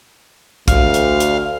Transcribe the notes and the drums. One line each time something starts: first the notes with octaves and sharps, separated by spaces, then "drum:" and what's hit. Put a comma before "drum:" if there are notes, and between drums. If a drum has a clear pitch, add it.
D2 F5, drum: kick A#1, hi-hat
drum: hi-hat
drum: hi-hat